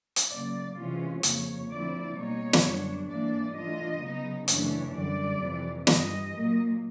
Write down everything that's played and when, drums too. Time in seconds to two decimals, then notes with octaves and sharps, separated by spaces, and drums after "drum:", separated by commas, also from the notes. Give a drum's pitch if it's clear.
0.16 drum: hi-hat
0.30 C#3 F#3 A#3 D5
0.76 C3 E3 G#3 C#4 F4
1.23 F2 C#3 F3 A#3 C#5, drum: hi-hat
1.69 D3 F3 A3 C4 E4 D5
2.16 B2 G3 A#3 D#4 C#5
2.53 drum: snare
2.62 F#2 D3 G3 B3 D4
3.08 G#2 E3 G3 A#3 D4 D5
3.54 E3 A3 D4 F4 D#5
4.01 C#3 F#3 B3 D#4
4.48 F#2 C#3 E3 A3 D4 C#5, drum: hi-hat
4.94 F#2 D3 G3 D5
5.40 F2 C3 E3
5.87 G2 E3 G3 D#5, drum: snare
6.33 A#2 F#3 A#3